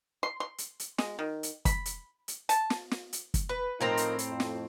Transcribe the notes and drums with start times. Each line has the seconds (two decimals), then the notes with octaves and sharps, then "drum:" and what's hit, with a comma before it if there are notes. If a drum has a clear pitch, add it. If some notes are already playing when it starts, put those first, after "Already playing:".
0.23 C6
0.40 C6
0.58 drum: hi-hat
0.80 drum: hi-hat
0.98 G#3, drum: snare
1.19 D#3
1.43 drum: hi-hat
1.65 B5, drum: kick, hi-hat
1.85 drum: hi-hat
2.28 drum: hi-hat
2.49 A5, drum: hi-hat
2.70 drum: snare
2.91 drum: snare
3.13 drum: hi-hat
3.34 drum: kick, hi-hat
3.49 B4
3.81 A2 F3 C4 D#4 A#4 A#5
3.97 drum: hi-hat
4.19 drum: hi-hat
4.28 F2
4.40 drum: snare